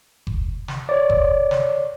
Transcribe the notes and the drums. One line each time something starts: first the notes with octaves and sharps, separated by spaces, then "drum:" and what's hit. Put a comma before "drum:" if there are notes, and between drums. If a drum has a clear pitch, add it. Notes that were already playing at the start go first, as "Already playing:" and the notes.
drum: kick F#1
drum: snare
C#5 D5
drum: kick F#1
drum: snare